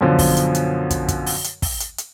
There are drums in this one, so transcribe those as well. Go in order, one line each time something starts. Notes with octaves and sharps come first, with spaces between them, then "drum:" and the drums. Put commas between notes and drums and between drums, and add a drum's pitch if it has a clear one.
F#2 B2 D3 F3
drum: kick, open hi-hat
drum: hi-hat
drum: hi-hat
drum: kick, hi-hat
drum: kick, hi-hat
drum: open hi-hat
drum: hi-hat
drum: kick, open hi-hat
drum: hi-hat
drum: hi-hat